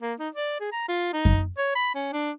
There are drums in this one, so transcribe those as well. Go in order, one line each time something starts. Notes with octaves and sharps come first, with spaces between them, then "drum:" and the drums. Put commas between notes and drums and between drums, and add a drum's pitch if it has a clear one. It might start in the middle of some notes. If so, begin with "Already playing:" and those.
A#3
D#4
D5
G#4
A#5
F4
D#4
drum: kick F#2
C#5
B5
C#4
D4